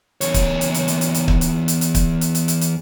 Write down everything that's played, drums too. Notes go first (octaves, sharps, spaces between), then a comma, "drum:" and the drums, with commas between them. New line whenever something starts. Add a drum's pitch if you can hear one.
E2 C#5, drum: hi-hat
drum: kick, hi-hat
drum: hi-hat
drum: hi-hat
drum: hi-hat
drum: hi-hat
drum: hi-hat
drum: kick
drum: hi-hat
drum: hi-hat
drum: hi-hat
drum: kick, hi-hat
drum: hi-hat
drum: hi-hat
drum: hi-hat
drum: hi-hat